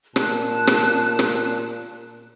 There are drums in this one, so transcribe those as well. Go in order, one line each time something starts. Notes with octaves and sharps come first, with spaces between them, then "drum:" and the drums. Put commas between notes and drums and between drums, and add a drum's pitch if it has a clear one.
A#2 A5 F#6, drum: rim click
drum: rim click
drum: rim click